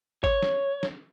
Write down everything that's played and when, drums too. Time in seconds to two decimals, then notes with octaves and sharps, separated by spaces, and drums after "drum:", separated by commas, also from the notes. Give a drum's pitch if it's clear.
0.24 C#5, drum: kick G#1
0.42 drum: snare
0.83 drum: snare